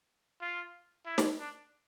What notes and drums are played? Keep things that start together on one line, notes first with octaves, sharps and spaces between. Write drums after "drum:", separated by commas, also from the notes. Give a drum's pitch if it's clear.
F4
E4
drum: snare
D4